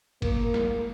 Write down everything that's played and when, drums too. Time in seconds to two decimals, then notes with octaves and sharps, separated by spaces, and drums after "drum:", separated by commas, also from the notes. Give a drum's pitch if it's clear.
0.22 A#3, drum: kick, cymbal
0.54 drum: snare